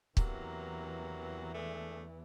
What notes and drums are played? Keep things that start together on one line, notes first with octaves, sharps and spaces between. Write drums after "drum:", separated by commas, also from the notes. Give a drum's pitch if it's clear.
E2 C3 E3 F#3 A#3, drum: kick
G#3 A3 D4